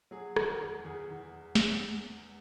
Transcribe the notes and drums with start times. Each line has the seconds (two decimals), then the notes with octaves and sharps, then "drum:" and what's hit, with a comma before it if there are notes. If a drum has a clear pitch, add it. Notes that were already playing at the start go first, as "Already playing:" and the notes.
0.11 F#3 G#4
0.36 E2, drum: rim click
0.48 A#4
0.61 E2
0.85 E2 G#4
1.10 E2
1.55 drum: snare